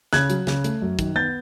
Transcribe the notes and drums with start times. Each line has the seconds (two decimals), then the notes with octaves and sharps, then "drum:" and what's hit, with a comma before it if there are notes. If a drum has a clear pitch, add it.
0.13 C#3 F#6 G#6, drum: snare
0.30 F#3, drum: hi-hat
0.47 C#3, drum: snare
0.64 A3, drum: hi-hat
0.82 F#2
0.99 D#3, drum: kick, hi-hat
1.16 B3 G6 A6